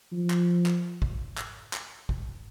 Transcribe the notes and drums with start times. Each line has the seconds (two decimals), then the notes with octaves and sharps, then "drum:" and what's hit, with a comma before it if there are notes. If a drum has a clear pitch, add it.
0.12 F3
0.30 drum: clap
0.66 drum: clap
1.02 drum: kick
1.38 drum: clap
1.73 drum: clap
2.09 drum: kick